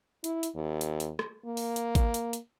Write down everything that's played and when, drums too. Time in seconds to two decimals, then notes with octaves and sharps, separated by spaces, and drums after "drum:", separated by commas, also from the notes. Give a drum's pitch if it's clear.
0.24 E4, drum: hi-hat
0.43 drum: hi-hat
0.55 D#2
0.81 drum: hi-hat
1.00 drum: hi-hat
1.19 drum: rim click
1.46 A#3
1.57 drum: open hi-hat
1.76 drum: hi-hat
1.95 drum: kick G#1, hi-hat
2.14 drum: hi-hat
2.33 drum: hi-hat